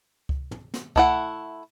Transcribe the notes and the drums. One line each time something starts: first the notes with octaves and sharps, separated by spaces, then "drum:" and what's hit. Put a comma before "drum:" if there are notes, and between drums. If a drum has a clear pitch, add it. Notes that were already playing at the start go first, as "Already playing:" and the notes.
drum: kick C#2
drum: tom
drum: snare
A3 E4 F#5, drum: kick C#2